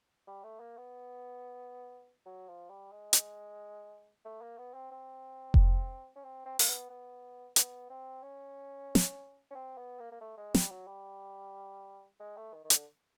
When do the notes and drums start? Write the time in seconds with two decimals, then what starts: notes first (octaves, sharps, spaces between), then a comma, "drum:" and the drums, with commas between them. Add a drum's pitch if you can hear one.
0.27 G3
0.44 A3
0.60 A#3
0.77 B3
2.26 F#3
2.48 F3
2.70 G3
2.92 G#3
3.13 drum: hi-hat
4.25 A3
4.41 A#3
4.58 B3
4.74 C4
4.91 C4
5.54 drum: kick F1
6.16 C#4
6.24 C4
6.46 C4
6.59 A#3, drum: open hi-hat
6.68 B3
6.90 B3
7.56 B3, drum: hi-hat
7.90 C4
8.23 C#4
8.95 drum: snare
9.51 C#4
9.55 C4
9.78 B3
9.99 A#3
10.12 A#3
10.21 A3
10.37 G#3
10.55 G3, drum: snare
10.71 F#3
10.87 G3
12.20 G#3
12.37 A3
12.53 D#3
12.65 D#3
12.70 D3, drum: hi-hat